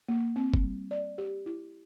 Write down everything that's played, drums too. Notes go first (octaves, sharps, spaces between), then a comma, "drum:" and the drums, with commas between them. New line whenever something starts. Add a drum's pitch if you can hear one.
A#3
C4
drum: kick
G3
D5
G4
E4